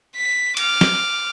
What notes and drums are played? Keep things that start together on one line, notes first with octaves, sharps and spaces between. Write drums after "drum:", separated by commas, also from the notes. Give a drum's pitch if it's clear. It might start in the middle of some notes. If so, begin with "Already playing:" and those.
B6
D6 F6, drum: cymbal
drum: snare